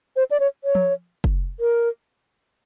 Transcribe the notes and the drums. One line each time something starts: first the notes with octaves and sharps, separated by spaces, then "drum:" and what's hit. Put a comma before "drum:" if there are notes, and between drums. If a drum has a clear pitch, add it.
C5
D5
C#5
C#5
drum: tom F3
drum: kick
A#4